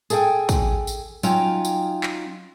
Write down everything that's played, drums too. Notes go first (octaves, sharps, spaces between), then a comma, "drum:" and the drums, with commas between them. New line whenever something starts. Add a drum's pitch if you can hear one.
G#4 A4 D#5 E5 G5 G#5, drum: tambourine
drum: kick, tambourine
drum: tambourine
F#3 C#4 D#4 F4 G5 A#5, drum: tambourine
drum: tambourine
drum: clap